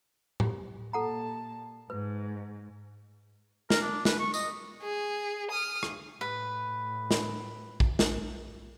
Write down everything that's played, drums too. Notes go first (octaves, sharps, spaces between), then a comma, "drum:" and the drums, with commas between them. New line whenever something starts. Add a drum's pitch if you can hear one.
G4, drum: tom A2
A#2 A4 F#5 A5 A#5
G#2 B4
A#4, drum: snare
D4
B4, drum: snare
C#6
D#5, drum: tambourine
G#4
D#6 F6
drum: rim click
A2 B4
drum: snare
drum: kick A#1
drum: snare